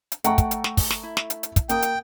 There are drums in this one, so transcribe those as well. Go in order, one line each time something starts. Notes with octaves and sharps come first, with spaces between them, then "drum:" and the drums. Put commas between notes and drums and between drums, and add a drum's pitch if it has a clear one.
drum: hi-hat
A3 F#5 G5 A#5 C#6, drum: hi-hat
drum: kick, hi-hat
drum: hi-hat
drum: snare
drum: kick, open hi-hat
drum: snare
E4
drum: snare
drum: hi-hat
drum: hi-hat
drum: kick, hi-hat
A#3 G5 D#6, drum: hi-hat
drum: hi-hat